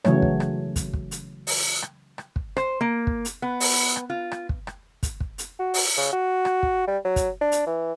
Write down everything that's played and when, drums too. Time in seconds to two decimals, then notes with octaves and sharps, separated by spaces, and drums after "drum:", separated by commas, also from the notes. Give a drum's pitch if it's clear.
0.05 C#3 E3 F#3 A3 C#5, drum: rim click
0.22 drum: kick
0.40 drum: rim click
0.76 drum: kick, hi-hat
0.93 drum: kick
1.11 drum: hi-hat
1.47 drum: open hi-hat
1.82 drum: rim click
2.18 drum: rim click
2.36 drum: kick
2.57 C5, drum: rim click
2.81 A#3
3.07 drum: kick
3.25 drum: hi-hat
3.42 B3
3.60 drum: open hi-hat
3.96 drum: rim click
4.10 F4
4.31 drum: rim click
4.49 drum: kick
4.67 drum: rim click
5.03 drum: kick, hi-hat
5.20 drum: kick
5.38 drum: hi-hat
5.59 F#4
5.74 drum: open hi-hat
5.97 C#3
6.12 F#4
6.45 drum: rim click
6.63 drum: kick
6.87 G3
7.05 F#3
7.16 drum: kick, hi-hat
7.41 D4
7.52 drum: hi-hat
7.67 E3